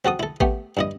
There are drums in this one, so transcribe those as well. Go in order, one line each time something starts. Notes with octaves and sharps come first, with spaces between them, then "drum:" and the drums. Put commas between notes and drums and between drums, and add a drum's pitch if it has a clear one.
C4 F#4 A4 D#6
E4 A4
A3 B3 G4, drum: kick A1
G2 E4 D#5